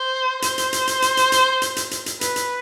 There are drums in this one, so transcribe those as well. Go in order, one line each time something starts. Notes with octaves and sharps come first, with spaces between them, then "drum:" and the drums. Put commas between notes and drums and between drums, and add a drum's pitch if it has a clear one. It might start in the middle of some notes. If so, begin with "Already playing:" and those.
Already playing: C5
C5, drum: hi-hat
drum: hi-hat
drum: hi-hat
drum: hi-hat
drum: hi-hat
drum: hi-hat
drum: hi-hat
drum: hi-hat
drum: hi-hat
drum: hi-hat
drum: hi-hat
B4, drum: hi-hat
drum: hi-hat